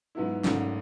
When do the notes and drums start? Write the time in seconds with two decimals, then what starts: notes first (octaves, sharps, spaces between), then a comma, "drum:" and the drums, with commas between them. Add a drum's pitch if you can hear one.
0.15 G#2 F#3 B3 E4
0.44 G#1 G#2 F#3 A3 C#4, drum: snare